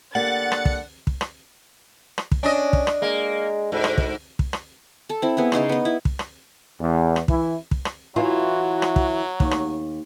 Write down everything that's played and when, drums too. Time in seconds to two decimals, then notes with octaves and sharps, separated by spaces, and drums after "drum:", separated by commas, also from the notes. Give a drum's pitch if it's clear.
0.15 D3 A#3 G4 F#5 A6
0.52 drum: rim click
0.65 drum: kick
1.07 drum: kick
1.21 drum: rim click
2.18 drum: rim click
2.32 drum: kick
2.43 C#4 D4 D#5
2.73 drum: kick
2.87 drum: rim click
3.02 G#3 A#3
3.72 D2 G#2
3.84 drum: rim click
3.98 drum: kick
4.39 drum: kick
4.53 drum: rim click
5.09 A4 A5
5.22 C4 E4
5.37 B3 G#4 E5
5.52 C#3 D#4 C6 C#6, drum: rim click
5.69 B3 D#5
5.85 E4
6.05 drum: kick
6.19 drum: rim click
6.79 E2
7.16 drum: rim click
7.28 E3 E4, drum: kick
7.71 drum: kick
7.85 drum: rim click
8.16 E3 F#3 F4 F#4
8.82 drum: rim click
8.96 drum: kick
9.40 D#2, drum: kick
9.51 drum: rim click